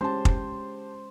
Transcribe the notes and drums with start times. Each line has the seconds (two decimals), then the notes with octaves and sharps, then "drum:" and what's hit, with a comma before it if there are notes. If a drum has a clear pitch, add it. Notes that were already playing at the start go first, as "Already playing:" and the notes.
0.01 G#3 C#4 G4 C5 A5
0.25 drum: kick